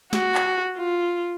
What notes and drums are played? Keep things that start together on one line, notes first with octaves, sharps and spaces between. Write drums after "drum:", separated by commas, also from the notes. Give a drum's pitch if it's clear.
F#4, drum: snare
drum: clap
F4